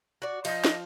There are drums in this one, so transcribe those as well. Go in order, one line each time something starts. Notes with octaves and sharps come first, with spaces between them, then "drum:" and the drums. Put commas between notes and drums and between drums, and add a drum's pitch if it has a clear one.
F#4 D5
F3 D#5, drum: cymbal
drum: snare